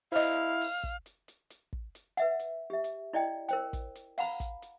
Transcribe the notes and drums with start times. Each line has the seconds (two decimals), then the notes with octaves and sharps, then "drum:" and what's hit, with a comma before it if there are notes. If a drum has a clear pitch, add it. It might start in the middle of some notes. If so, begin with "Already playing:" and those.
0.12 E4 C5 D#5 F5
0.61 drum: open hi-hat
0.83 drum: kick
1.06 drum: hi-hat
1.28 drum: hi-hat
1.50 drum: hi-hat
1.73 drum: kick
1.95 drum: hi-hat
2.17 B4 E5 F#5, drum: hi-hat
2.39 drum: hi-hat
2.70 G4 E5
2.84 drum: hi-hat
3.13 E4 D5 D#5 G5
3.49 A#4 C5 G5, drum: hi-hat
3.73 drum: kick, hi-hat
3.95 drum: hi-hat
4.18 F5 F#5 A#5 B5, drum: open hi-hat
4.40 drum: kick, hi-hat
4.62 drum: hi-hat